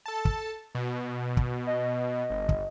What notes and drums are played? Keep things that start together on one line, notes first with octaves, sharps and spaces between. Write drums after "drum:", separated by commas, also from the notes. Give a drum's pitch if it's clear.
A4 A5
drum: kick
B2
drum: kick
D#5
G1
drum: kick